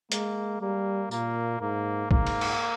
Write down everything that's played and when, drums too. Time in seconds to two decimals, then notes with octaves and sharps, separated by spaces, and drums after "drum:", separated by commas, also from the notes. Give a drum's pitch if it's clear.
0.12 G#3 A#3, drum: hi-hat
0.61 G3 A#3
1.11 A#2 A#3, drum: tambourine
1.60 G#2 A#3
2.11 G#2 A#3, drum: kick
2.27 drum: cymbal
2.41 drum: cymbal